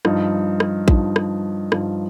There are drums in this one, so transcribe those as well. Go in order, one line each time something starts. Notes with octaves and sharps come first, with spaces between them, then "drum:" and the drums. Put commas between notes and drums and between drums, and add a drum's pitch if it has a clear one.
G2 F3 D#4, drum: rim click
drum: rim click
G2 F3 D#4, drum: kick A1
drum: rim click
G2 F3 D#4, drum: rim click